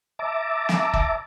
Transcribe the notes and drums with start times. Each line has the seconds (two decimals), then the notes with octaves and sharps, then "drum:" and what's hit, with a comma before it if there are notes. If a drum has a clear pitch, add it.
0.19 E5 A5 A#5 D6
0.69 drum: snare
0.94 drum: kick